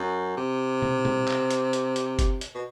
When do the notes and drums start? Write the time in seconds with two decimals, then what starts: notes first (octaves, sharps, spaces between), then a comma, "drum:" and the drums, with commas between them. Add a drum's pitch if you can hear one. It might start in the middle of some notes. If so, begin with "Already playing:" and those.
Already playing: F#2
0.37 C3
0.82 drum: tom
1.05 drum: tom B2
1.28 drum: clap
1.51 drum: hi-hat
1.73 drum: hi-hat
1.96 drum: hi-hat
2.19 drum: kick F#1, hi-hat
2.41 drum: hi-hat
2.55 B2